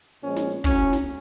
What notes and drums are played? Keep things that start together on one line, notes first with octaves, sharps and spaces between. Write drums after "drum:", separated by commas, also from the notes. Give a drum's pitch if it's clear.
A#2 F3 G#3 C#4
drum: snare
drum: hi-hat
A2 F#3 C#4, drum: kick, hi-hat
drum: snare